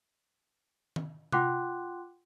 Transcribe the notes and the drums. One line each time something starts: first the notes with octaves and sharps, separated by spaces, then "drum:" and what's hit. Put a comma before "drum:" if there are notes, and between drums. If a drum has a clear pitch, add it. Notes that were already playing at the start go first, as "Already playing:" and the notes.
drum: tom D#3
F4 F#5 G5 C6 D6 F#6, drum: tom C3